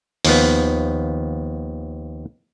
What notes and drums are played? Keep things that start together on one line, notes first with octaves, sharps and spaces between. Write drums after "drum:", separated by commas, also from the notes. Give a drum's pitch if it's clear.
D#2 F3 B3, drum: open hi-hat